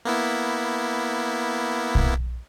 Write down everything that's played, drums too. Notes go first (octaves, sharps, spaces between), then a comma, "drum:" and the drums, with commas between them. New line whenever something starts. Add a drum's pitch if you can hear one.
A#3 B3 E4
drum: kick